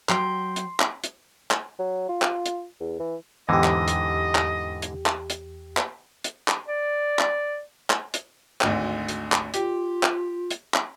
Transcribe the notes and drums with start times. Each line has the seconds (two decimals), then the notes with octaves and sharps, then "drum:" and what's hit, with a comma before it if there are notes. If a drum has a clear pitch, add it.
0.09 F#3 G5 C6 C7, drum: clap
0.56 drum: hi-hat
0.80 drum: clap
1.04 drum: hi-hat
1.51 drum: clap
1.79 F#3
2.09 F4
2.22 drum: clap
2.46 drum: hi-hat
2.80 E2
2.99 E3
3.49 E2 G#2 D3 E3 G4 D#5
3.64 drum: clap
3.88 drum: hi-hat
4.35 drum: clap
4.82 drum: hi-hat
5.06 drum: clap
5.30 drum: hi-hat
5.77 drum: clap
6.24 drum: hi-hat
6.48 drum: clap
6.68 D5
7.19 drum: clap
7.90 drum: clap
8.14 drum: hi-hat
8.61 G#1 D2 D#5, drum: clap
9.08 drum: hi-hat
9.32 drum: clap
9.54 F4 G4, drum: hi-hat
10.03 drum: clap
10.51 drum: hi-hat
10.74 drum: clap